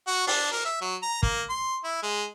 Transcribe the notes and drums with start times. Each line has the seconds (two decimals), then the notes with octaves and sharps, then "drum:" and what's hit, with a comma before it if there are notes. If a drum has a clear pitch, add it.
0.07 F#4
0.27 D4, drum: open hi-hat
0.52 A#4
0.65 E5
0.81 F#3
1.03 A#5
1.23 A#3, drum: kick
1.50 C6
1.84 E4
2.03 G#3